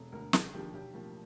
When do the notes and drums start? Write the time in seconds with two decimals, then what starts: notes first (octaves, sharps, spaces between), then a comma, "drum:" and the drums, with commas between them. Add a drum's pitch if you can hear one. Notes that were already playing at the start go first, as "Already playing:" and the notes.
Already playing: E1 A4
0.12 D2 D3 A#4
0.33 F1 G#4, drum: snare
0.53 D#2 D3 F3 A#3 G4
0.74 B1 G4
0.94 A2 F3 A#3